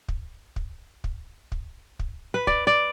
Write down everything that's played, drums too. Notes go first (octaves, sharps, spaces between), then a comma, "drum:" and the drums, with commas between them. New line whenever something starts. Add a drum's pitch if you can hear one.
drum: kick
drum: kick
drum: kick
drum: kick
drum: kick
B4
D5, drum: kick
D5